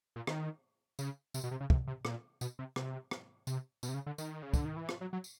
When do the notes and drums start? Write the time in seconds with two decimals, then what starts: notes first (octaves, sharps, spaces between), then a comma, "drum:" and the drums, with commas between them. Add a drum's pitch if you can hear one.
0.16 A#2
0.27 D#3, drum: rim click
0.99 C#3, drum: tambourine
1.34 C3, drum: tambourine
1.44 B2
1.51 C3
1.61 C#3
1.70 C3, drum: kick
1.87 C3
2.05 A#2, drum: rim click
2.41 B2, drum: tambourine
2.59 C3
2.76 C3, drum: rim click
3.11 drum: rim click
3.47 C3, drum: tambourine
3.83 B2, drum: tambourine
3.89 C3
3.94 C#3
4.06 D3
4.18 D#3, drum: tambourine
4.43 C#3
4.53 D3, drum: kick, tambourine
4.65 D#3
4.76 E3
4.89 F3, drum: rim click
5.01 F#3
5.13 F#3
5.24 drum: tambourine